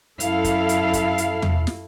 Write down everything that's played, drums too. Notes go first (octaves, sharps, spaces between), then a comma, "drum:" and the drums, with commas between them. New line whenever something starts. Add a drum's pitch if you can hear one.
F#2 E4 A4 F5, drum: hi-hat
drum: kick, hi-hat
drum: hi-hat
drum: kick, hi-hat
drum: hi-hat
drum: tom E2
drum: snare